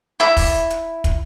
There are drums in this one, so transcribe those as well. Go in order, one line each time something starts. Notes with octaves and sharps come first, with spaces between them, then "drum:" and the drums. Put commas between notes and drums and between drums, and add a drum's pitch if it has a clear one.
E4 E5 B5
drum: kick, open hi-hat
drum: hi-hat
drum: kick, hi-hat